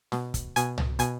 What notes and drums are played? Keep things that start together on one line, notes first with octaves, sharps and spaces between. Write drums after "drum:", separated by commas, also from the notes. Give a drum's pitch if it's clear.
B2, drum: snare
drum: kick, hi-hat
B2 G#5, drum: hi-hat
drum: tom
B2 G#5, drum: hi-hat